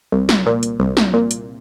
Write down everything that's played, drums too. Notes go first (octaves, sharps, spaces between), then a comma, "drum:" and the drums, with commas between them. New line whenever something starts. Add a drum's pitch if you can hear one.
C2
drum: snare
A#2
drum: hi-hat
C2
drum: snare
A#2
drum: hi-hat